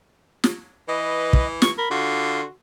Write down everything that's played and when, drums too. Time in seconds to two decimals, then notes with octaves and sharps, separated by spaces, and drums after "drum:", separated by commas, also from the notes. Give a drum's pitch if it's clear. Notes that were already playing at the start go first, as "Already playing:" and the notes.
0.44 drum: snare
0.88 E3 B4 D#5
1.33 drum: kick
1.62 C#6, drum: snare
1.78 A#4 B5
1.91 D3 F4 F#4 C6